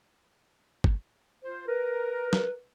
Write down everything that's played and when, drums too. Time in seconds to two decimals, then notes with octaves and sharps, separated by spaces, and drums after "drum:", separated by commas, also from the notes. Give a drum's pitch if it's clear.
0.84 drum: kick
1.44 F4 C5
1.67 A#4 B4
2.33 drum: snare